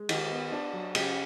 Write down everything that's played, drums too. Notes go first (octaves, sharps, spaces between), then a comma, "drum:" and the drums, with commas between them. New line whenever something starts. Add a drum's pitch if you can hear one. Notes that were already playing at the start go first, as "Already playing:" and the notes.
Already playing: G#3
D#3 G4, drum: cymbal
B3
D4
F#3
C#3 G4, drum: cymbal